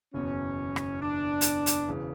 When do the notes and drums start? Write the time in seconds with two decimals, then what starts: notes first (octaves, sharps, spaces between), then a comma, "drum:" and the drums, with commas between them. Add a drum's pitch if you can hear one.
0.14 F#1 E2 B2 C#4
0.76 drum: rim click
1.01 D4
1.41 drum: hi-hat
1.66 drum: hi-hat
1.88 E1 E2 C#3 E3